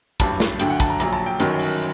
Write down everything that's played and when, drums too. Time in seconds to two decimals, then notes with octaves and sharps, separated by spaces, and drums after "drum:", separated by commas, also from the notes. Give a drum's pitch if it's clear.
0.20 A1 G2 F#3 A5, drum: kick, hi-hat
0.40 drum: snare
0.60 D2 D3 F#3 G5, drum: hi-hat
0.70 F#5
0.80 A5, drum: kick, hi-hat
0.90 A#5
1.00 A#1 A#2 F#3 A#5, drum: hi-hat
1.13 A5
1.26 G5
1.40 G1 F#2 D#3 F#3, drum: hi-hat
1.59 drum: open hi-hat